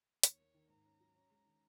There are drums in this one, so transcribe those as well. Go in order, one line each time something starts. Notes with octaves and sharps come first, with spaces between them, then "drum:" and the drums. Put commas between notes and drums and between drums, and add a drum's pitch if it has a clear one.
D#2 C#5, drum: hi-hat
A#3
D#3
G#2 A#5
C#4
F#3
C#4
G#3
D#3